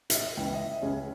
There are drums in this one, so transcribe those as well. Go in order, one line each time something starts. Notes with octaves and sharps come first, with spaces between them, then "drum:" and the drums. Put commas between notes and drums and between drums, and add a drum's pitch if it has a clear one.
E5, drum: hi-hat
D#5
C#2 C#3 E3 G5
E5
D#5
E5
C#2 C#3 G#3 C#4